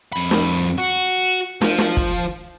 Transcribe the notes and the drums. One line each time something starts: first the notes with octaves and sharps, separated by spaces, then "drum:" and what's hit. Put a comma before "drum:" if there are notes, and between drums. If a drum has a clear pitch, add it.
F2 B5
drum: snare
F#4
F3, drum: snare
drum: snare
drum: kick